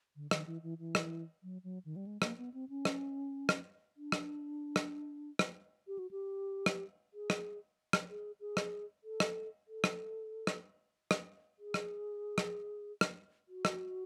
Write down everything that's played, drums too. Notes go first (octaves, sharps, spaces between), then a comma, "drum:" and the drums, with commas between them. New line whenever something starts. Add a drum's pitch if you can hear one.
D3
D#3, drum: rim click
E3
E3
E3
drum: rim click
F#3
F#3
D#3
G3
G#3
A#3, drum: rim click
B3
C4
C#4
drum: rim click
drum: rim click
D4
drum: rim click
drum: rim click
drum: rim click
G4
F#4
G4
drum: rim click
G#4
drum: rim click
drum: rim click
G#4
G#4
drum: rim click
A4
drum: rim click
A4
drum: rim click
drum: rim click
drum: rim click
G#4
drum: rim click
drum: rim click
drum: rim click
F#4
drum: rim click